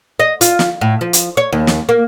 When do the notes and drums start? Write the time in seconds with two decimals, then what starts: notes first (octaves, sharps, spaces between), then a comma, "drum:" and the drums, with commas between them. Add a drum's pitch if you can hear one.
0.20 D#5
0.41 F4, drum: hi-hat
0.59 drum: snare
0.81 A2
1.01 F3
1.13 drum: hi-hat
1.37 C#5
1.52 D#2
1.67 drum: snare
1.89 A#3